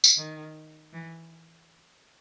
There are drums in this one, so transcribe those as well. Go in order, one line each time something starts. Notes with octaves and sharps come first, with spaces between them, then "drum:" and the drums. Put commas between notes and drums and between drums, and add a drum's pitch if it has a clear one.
drum: tambourine
D#3
E3